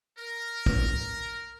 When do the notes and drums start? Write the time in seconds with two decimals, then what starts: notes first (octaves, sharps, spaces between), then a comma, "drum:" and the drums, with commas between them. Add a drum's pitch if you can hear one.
0.17 A#4
0.66 drum: kick